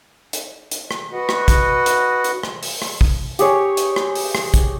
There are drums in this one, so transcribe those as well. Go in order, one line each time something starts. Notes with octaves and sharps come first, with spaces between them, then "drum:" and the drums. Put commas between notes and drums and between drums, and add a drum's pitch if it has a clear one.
drum: hi-hat
drum: hi-hat
drum: rim click
F#4 B4 D#5 F#5
drum: rim click
drum: kick, hi-hat
drum: hi-hat
drum: hi-hat
drum: rim click
drum: open hi-hat
drum: rim click
drum: kick
G4 G#4 C#5, drum: hi-hat
drum: hi-hat
drum: rim click
drum: open hi-hat
drum: rim click
drum: kick, hi-hat